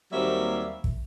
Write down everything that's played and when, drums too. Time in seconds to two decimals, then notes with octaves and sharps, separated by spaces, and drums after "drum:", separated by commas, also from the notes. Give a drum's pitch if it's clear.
0.12 D#2 F#3 G3 A#3 C4 E5
0.84 drum: kick